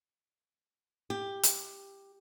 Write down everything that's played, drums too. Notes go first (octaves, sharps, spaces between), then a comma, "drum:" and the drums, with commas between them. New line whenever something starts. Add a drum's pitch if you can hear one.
G4
drum: hi-hat